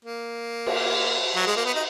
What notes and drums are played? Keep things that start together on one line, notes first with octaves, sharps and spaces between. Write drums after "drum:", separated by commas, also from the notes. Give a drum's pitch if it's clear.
A#3
drum: cymbal
F#3
G#3
A#3
B3
D#4